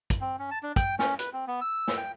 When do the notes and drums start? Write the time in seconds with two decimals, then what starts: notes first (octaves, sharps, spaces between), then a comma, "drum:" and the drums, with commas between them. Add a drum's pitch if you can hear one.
0.10 drum: kick, hi-hat
0.21 C4
0.39 C#4
0.51 A5
0.63 D4
0.76 G5, drum: kick, hi-hat
0.99 C#4, drum: snare
1.19 B4, drum: hi-hat
1.33 C4
1.47 B3
1.61 E6
1.88 drum: snare
1.97 G5